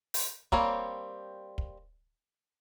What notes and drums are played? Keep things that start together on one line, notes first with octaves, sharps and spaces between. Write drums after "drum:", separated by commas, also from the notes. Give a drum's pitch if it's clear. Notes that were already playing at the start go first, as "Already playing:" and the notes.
drum: open hi-hat
G3 A#3 C4 C#5, drum: kick
drum: kick